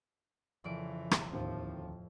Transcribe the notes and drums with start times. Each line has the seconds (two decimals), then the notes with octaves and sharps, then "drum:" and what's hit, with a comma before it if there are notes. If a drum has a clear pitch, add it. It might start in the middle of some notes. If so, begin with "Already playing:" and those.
0.64 F2 C#3 E3 D5 D7
1.11 drum: rim click
1.32 D1 D#2 A2 F3 C4